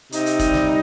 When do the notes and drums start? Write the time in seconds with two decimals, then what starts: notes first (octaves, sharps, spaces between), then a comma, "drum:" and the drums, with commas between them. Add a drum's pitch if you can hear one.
0.12 C3 D#4, drum: hi-hat
0.26 drum: hi-hat
0.39 G3, drum: kick, hi-hat
0.54 drum: snare